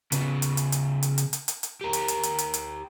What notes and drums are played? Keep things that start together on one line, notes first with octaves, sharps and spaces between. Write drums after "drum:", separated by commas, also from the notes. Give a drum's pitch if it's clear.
C#3 B3, drum: hi-hat
drum: hi-hat
drum: hi-hat
drum: hi-hat
drum: hi-hat
drum: hi-hat
drum: hi-hat
drum: hi-hat
drum: hi-hat
G4 A#4
drum: hi-hat
drum: hi-hat
drum: hi-hat
drum: hi-hat
drum: hi-hat